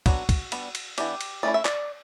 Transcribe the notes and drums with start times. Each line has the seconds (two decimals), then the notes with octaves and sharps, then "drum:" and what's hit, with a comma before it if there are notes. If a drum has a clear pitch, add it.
0.06 F#3 B3 D4 F#4, drum: kick, cymbal
0.29 drum: kick, cymbal
0.52 G3 B3 D4, drum: cymbal
0.75 drum: cymbal
0.98 E3 B3 D4 G4, drum: cymbal
1.21 drum: cymbal
1.43 A3 C#4 E4 D5
1.54 E5
1.65 D5, drum: clap